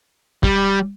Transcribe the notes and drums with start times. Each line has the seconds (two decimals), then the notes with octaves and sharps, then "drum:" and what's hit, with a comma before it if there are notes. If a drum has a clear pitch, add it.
0.43 G3, drum: kick